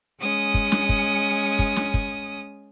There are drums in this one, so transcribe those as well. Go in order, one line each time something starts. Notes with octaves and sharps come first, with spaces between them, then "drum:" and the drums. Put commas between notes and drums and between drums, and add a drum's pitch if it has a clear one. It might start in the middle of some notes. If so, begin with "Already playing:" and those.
G#3 C#4 D#6
drum: kick
drum: snare
drum: kick
drum: kick
drum: snare
drum: kick